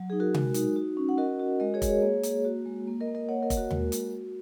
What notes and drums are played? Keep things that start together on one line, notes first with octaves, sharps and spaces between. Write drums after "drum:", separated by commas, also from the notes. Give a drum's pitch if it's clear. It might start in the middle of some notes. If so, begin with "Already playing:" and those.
Already playing: F#3
D#4 G#4
F#4 A#4
G#3, drum: tom C3
D#4, drum: hi-hat
F#4
C#4
F#5
F#4 A#4 D#5
F#4
G#3 A#4 D#5
G#4 C#5
G#3, drum: kick F1, hi-hat
G#4 C#5
A#3
A#3, drum: hi-hat
F#4
G#3
A#3
A#4 D#5
A#3
A#4 D#5
A#3 C#5 F#5
A#4 D#5
A#3, drum: kick F1, hi-hat
F#4 A#4
G#3, drum: tom D#2
F#4, drum: hi-hat
F#4